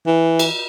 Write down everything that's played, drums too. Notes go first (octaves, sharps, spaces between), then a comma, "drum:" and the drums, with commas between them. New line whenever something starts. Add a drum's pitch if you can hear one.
E3
drum: cymbal